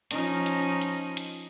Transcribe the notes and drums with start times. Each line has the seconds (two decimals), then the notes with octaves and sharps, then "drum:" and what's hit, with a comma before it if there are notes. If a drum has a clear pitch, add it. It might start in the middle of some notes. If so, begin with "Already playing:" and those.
0.11 F3 C#4 D#4, drum: hi-hat
0.46 drum: hi-hat
0.81 drum: hi-hat
1.17 drum: hi-hat